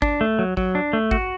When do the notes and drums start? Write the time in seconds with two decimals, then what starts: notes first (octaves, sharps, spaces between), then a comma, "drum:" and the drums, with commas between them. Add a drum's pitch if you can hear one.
0.02 D4, drum: kick G#1
0.21 A3
0.39 F#3
0.57 F#3, drum: kick G#1
0.75 D4
0.93 A3
1.11 F#4, drum: kick G#1